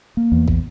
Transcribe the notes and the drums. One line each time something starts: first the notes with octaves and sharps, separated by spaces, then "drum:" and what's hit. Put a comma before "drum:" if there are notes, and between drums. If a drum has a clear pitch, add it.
A#3
E2
drum: kick